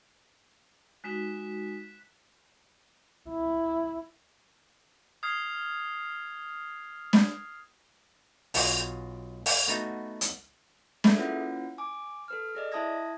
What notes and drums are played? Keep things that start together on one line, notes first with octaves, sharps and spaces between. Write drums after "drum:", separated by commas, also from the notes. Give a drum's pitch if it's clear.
G#3 D#4 F#4 F#6 B6 E7
E4
D#6 F6 G#6 C7
drum: snare
B1 F4 F#4 D#5 F#5, drum: open hi-hat
drum: open hi-hat
A3 B3 D#4 F#4
drum: hi-hat
G#4 A4 B4 E5, drum: snare
A#3 C#4 E4 F4 B4 F#5
G#5 D6
A4 B4 F6
G#4 D5 D#5
E4 E5 A5 D#6 G#6 A#6